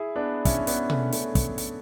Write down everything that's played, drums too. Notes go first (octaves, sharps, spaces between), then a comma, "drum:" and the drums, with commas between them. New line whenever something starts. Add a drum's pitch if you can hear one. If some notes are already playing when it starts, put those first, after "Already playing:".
Already playing: E4 G#4
B3 D4
C#4 E4, drum: kick, hi-hat
B3 D4, drum: hi-hat
A3 C#4, drum: tom B2
A3 C#4, drum: hi-hat
drum: kick, hi-hat
drum: hi-hat